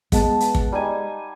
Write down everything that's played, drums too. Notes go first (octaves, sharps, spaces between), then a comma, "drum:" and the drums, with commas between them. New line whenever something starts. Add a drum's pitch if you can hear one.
G#3 B3 F#5 A5, drum: kick, hi-hat
drum: hi-hat
drum: kick
G3 D#4 G#5